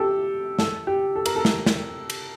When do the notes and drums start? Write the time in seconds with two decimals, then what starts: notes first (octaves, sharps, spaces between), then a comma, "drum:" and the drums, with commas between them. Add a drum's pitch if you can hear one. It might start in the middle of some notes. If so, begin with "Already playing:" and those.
Already playing: G4 A4
0.59 A4, drum: snare
0.87 G4
1.16 A4
1.26 A#4, drum: cymbal
1.36 A4
1.45 drum: snare
1.66 drum: snare
2.10 drum: cymbal